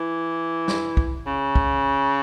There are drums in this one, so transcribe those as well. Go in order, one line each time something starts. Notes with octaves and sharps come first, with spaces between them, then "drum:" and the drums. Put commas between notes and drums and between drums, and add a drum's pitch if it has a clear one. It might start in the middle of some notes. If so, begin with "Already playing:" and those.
Already playing: E3
drum: snare
drum: kick B1
C#3
drum: kick B1